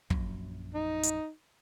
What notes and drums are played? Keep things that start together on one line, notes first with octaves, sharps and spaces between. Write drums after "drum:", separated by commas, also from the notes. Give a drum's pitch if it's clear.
A#1 F#2 F#3, drum: kick
D#4
drum: hi-hat